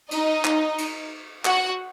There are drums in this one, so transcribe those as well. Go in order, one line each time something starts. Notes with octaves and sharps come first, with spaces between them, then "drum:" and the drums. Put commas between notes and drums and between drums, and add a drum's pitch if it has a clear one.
D#4 D#5, drum: cymbal
drum: clap
drum: cymbal
F#4 F#5, drum: clap